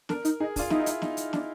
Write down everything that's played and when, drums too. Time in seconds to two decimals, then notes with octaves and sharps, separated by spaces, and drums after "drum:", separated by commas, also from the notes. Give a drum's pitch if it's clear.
0.09 D4 A#4, drum: snare
0.25 D#4, drum: hi-hat
0.40 D#4 G#4
0.56 D4, drum: kick, open hi-hat
0.59 F4
0.70 D#4 E4, drum: snare
0.86 drum: hi-hat
1.02 D#4, drum: snare
1.17 drum: hi-hat
1.33 D4, drum: snare